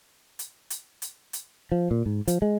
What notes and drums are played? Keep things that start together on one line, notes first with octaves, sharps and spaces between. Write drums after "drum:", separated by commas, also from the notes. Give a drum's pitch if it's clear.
drum: hi-hat
drum: hi-hat
drum: hi-hat
drum: hi-hat
F3
A#2
G#2
F3, drum: hi-hat
G#3